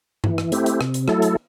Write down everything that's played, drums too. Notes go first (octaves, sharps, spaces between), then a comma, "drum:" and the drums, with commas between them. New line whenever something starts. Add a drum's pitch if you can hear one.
E3, drum: tom G2
drum: rim click
A3 C4 E4 G4, drum: hi-hat
drum: hi-hat
C3, drum: rim click
drum: hi-hat
F#3 A3 E4 A4, drum: rim click
drum: hi-hat